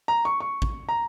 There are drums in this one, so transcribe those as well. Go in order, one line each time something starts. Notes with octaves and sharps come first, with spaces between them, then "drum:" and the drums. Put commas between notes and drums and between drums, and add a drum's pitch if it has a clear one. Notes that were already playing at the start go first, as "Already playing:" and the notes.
A#5
C#6
C#6
drum: kick A1
A#5